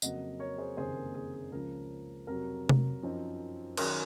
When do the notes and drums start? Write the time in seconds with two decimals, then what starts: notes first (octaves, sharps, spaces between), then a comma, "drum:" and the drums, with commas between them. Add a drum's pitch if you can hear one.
0.02 F2 C#3 F#3 A#3 D#5 F#5, drum: tambourine
0.39 A#4 C#5
0.58 G#4 C5
0.77 F#1 F2 C3 D#3 A#3 G#4 C5
0.96 A#4
1.15 G#4
1.34 G#4
1.52 C#2 C#3 F3 A#4
2.27 F2 C3 F#3 A#4
2.69 drum: tom C3
3.03 F#2 F3 C4 D#4
3.77 D#3 F#3 C#4 A#4, drum: cymbal